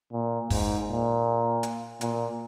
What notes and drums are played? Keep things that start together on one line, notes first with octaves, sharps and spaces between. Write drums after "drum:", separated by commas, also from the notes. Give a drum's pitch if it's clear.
A#2
G#2, drum: kick, open hi-hat
A#2
drum: hi-hat
A#2, drum: hi-hat